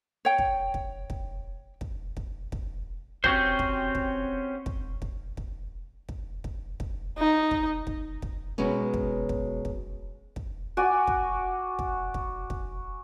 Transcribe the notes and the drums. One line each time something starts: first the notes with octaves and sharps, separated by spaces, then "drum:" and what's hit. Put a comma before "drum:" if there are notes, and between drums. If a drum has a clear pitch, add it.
C#5 G5
drum: kick
drum: kick
drum: kick
drum: kick
drum: kick
drum: kick
C4 C#4 F#4 G4 C5, drum: kick
drum: kick
drum: kick
drum: kick
drum: kick
drum: kick
drum: kick
drum: kick
drum: kick
D#4
drum: kick
drum: kick
drum: kick
B2 F#3 G#3 B3 C#4
drum: kick
drum: kick
drum: kick
drum: kick
F#4 D5 G#5
drum: kick
drum: kick
drum: kick
drum: kick